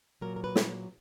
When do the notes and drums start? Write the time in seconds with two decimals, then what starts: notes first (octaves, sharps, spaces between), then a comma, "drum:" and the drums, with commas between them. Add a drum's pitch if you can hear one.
0.21 A#2 F#3 A#4
0.36 A#4
0.44 B4
0.56 drum: snare